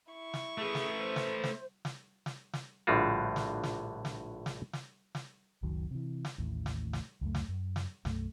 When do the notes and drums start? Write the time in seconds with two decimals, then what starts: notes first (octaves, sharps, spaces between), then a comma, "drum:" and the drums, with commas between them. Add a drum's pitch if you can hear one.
0.12 E4 C#6
0.34 drum: snare
0.58 A3 G#4 B4
0.75 drum: snare
0.98 C5
1.16 drum: snare
1.44 drum: snare
1.85 drum: snare
2.26 drum: snare
2.53 drum: snare
2.87 A#1 A2 D3 G3 F4 F#4
3.36 drum: snare
3.63 drum: snare
4.05 drum: snare
4.46 drum: snare
4.73 drum: snare
5.15 drum: snare
5.63 F#1 C#2 D#3 F#3
5.91 C3 E3
6.25 drum: snare
6.38 A1 D#2 A2
6.66 drum: snare
6.93 drum: snare
7.21 C#2 F#2 A3
7.35 drum: snare
7.48 F#2
7.76 drum: snare
8.05 B1 F#2 A3, drum: snare